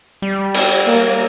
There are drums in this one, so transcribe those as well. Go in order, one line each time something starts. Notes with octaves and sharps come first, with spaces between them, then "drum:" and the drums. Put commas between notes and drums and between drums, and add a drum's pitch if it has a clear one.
G3
drum: cymbal
A#3